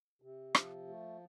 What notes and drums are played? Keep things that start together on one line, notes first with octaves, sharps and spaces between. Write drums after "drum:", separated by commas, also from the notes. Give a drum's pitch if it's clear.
C3
F3, drum: rim click
A3